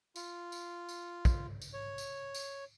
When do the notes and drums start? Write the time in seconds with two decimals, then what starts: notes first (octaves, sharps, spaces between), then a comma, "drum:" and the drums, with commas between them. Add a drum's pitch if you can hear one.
0.16 F4, drum: tambourine
0.52 drum: tambourine
0.89 drum: tambourine
1.25 drum: kick, tambourine
1.62 drum: tambourine
1.73 C#5
1.98 drum: tambourine
2.35 drum: tambourine